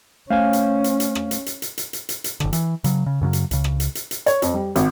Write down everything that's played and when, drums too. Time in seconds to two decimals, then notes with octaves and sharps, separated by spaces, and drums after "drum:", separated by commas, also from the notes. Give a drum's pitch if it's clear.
0.30 A3 C#4 C5 F5 G#5
0.53 drum: hi-hat
0.84 drum: hi-hat
1.00 drum: hi-hat
1.15 drum: rim click
1.31 drum: hi-hat
1.46 drum: hi-hat
1.62 drum: hi-hat
1.78 drum: hi-hat
1.93 drum: hi-hat
2.09 drum: hi-hat
2.24 drum: hi-hat
2.40 F#1 D3, drum: rim click
2.53 E3, drum: hi-hat
2.84 C#3 F#3, drum: hi-hat
3.06 C#3
3.21 F#2 C#3 F3 F#3
3.33 drum: hi-hat
3.51 C#2 C#3, drum: hi-hat
3.64 drum: rim click
3.80 drum: hi-hat
3.95 drum: hi-hat
4.11 drum: hi-hat
4.26 C#5, drum: hi-hat
4.42 F2, drum: hi-hat
4.54 G3
4.76 G#1, drum: hi-hat